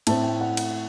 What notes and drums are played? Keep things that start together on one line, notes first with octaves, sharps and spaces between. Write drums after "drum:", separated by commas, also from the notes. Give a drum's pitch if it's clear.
A2 A3 C4 A5, drum: cymbal
G5
F#5
drum: cymbal